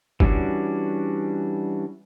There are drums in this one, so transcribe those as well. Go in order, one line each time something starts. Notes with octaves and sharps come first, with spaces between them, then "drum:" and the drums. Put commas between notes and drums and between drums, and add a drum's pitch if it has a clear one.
E3 G3 C#4 D4 F#4, drum: kick G1